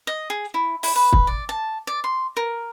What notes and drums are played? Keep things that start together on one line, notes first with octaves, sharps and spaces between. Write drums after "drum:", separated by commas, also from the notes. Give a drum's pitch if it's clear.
D#5
G#4
E4
E4, drum: open hi-hat
B4
drum: kick
D5
A5
D5
C6
A#4